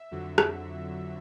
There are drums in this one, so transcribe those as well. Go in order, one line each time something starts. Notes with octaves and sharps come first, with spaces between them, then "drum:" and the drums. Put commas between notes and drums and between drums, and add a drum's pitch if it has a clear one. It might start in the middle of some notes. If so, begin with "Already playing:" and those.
Already playing: E5
F2 D3 F#3
drum: rim click